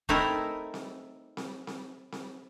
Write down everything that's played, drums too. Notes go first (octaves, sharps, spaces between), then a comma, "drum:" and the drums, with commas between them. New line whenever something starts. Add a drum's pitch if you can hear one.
A3 C4 D#4 E4 A#4, drum: kick
drum: snare C4
drum: snare C4
drum: snare C4
drum: snare C4